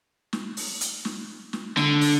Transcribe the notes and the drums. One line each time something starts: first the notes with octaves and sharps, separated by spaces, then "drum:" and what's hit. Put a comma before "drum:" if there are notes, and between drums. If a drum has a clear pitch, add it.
drum: snare
drum: open hi-hat
drum: hi-hat
drum: snare
drum: snare
D3, drum: snare
drum: open hi-hat